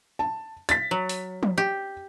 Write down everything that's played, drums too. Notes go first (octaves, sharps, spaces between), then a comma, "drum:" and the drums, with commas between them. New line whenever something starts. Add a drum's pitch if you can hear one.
A5
A6 B6, drum: hi-hat
F#3
drum: open hi-hat
drum: tom
G4